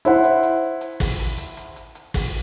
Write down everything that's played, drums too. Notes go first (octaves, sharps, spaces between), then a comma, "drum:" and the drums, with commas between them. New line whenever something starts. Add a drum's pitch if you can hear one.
E4 C5 F#5, drum: hi-hat
drum: hi-hat
drum: hi-hat
drum: hi-hat
drum: kick, open hi-hat
drum: hi-hat
drum: hi-hat
drum: hi-hat
drum: hi-hat
drum: hi-hat
drum: kick, open hi-hat